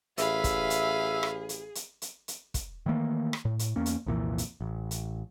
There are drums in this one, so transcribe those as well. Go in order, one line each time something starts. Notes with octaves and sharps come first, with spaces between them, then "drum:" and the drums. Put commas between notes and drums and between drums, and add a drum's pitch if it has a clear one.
A1 G#4 E5 F5 B5, drum: hi-hat
drum: kick, hi-hat
drum: hi-hat
drum: rim click
drum: hi-hat
drum: hi-hat
drum: hi-hat
drum: hi-hat
drum: kick, hi-hat
D#3 E3 A3 A#3
drum: rim click
A2
drum: hi-hat
E2 A#3 C#4
drum: hi-hat
C2 F2 A#2 E3
drum: hi-hat
A1
drum: hi-hat